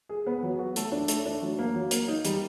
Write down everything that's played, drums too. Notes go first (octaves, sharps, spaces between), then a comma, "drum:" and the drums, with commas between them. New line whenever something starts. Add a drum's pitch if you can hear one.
G#4
B3
F#3
F#4
A3, drum: hi-hat
D4
A3, drum: hi-hat
D4
F#3
A#3
F#3
A#3, drum: hi-hat
D#4
G3, drum: hi-hat